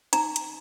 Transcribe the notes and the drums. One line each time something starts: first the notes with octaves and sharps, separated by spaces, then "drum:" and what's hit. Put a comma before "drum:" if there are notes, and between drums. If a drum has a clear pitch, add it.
D#4 A#5, drum: hi-hat
drum: hi-hat